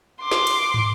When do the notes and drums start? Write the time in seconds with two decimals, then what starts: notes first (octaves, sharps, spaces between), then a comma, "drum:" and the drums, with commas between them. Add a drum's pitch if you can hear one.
0.22 C6 D6
0.31 drum: snare
0.47 drum: cymbal
0.74 drum: tom